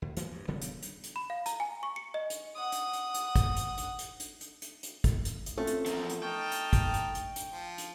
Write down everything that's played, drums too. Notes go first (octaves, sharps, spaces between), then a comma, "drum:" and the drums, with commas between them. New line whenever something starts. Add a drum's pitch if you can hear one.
D2
E3 F#3 G#3 A#3, drum: hi-hat
G2
D#1 C#3 G3 B3
drum: hi-hat
drum: hi-hat
drum: hi-hat
B5
F5
A#5, drum: hi-hat
G#5
C#6
C#7
D#5
drum: hi-hat
F#5 D#6
drum: hi-hat
drum: hi-hat
drum: hi-hat
drum: kick, hi-hat
drum: hi-hat
drum: hi-hat
drum: hi-hat
drum: hi-hat
drum: hi-hat
drum: hi-hat
drum: hi-hat
drum: kick, hi-hat
drum: hi-hat
drum: hi-hat
A3 C4 C#4 F4
drum: hi-hat
E2 F3 A#4, drum: hi-hat
drum: hi-hat
D#4 G5 A5 C#6 F6
drum: hi-hat
drum: kick, hi-hat
drum: hi-hat
drum: hi-hat
drum: hi-hat
F3
drum: hi-hat